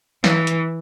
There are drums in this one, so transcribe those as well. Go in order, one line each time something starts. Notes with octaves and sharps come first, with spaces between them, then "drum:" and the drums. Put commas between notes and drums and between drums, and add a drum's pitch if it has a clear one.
E3, drum: snare
drum: hi-hat